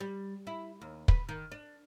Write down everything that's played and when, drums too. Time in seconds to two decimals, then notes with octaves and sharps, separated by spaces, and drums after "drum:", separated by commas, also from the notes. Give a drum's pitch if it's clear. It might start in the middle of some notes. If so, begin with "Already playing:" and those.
0.01 G3
0.47 E4
0.81 D#2
1.08 B4, drum: kick
1.29 D#3
1.52 D4